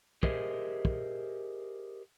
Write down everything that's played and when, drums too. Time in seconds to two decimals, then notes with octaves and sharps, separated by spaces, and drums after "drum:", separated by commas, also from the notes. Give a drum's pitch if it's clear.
0.23 G4 G#4 A#4 C5 D#5 E5, drum: kick
0.85 drum: kick